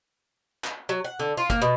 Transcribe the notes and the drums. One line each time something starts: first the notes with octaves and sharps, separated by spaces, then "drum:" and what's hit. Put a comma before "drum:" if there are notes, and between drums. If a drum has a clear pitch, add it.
drum: clap
F#3
F#5
D3
F4
A#3, drum: kick
B2